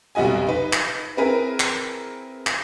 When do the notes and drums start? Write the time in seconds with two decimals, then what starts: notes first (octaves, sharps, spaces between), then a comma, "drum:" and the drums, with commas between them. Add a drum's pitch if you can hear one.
0.15 F1 B1 G3 F#4 D#5 G#5
0.47 D#4 B4
0.73 drum: clap
1.17 C4 E4 G#4 A#4 B4
1.60 drum: clap
2.47 drum: clap